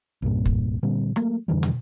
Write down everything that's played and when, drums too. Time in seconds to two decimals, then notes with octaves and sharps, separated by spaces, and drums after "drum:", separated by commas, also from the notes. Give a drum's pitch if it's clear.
0.22 C2 G2 A#2
0.46 drum: kick
0.83 A#2 D3 G3 C4
1.16 F#3 A3 A#3, drum: rim click
1.48 F2 D3 E3 G3
1.63 drum: tom